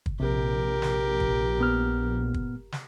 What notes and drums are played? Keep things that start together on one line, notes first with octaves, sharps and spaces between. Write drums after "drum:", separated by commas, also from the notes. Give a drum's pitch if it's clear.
drum: kick
A#1 C3 G4 A#4
drum: snare
drum: kick
A#2 B3 F6
drum: kick
drum: snare